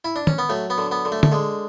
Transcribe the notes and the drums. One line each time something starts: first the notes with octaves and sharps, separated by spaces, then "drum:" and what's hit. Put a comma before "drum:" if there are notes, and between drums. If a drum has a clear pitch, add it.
E4
D4
C#4, drum: tom
B3
F#3 A3
B3
D3
B3
D3
A3
A3, drum: tom
D3 G#3